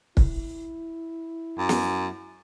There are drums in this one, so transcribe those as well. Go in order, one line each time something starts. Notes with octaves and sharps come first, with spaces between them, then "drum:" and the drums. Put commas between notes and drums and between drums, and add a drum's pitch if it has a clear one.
E4, drum: kick
F#2
drum: snare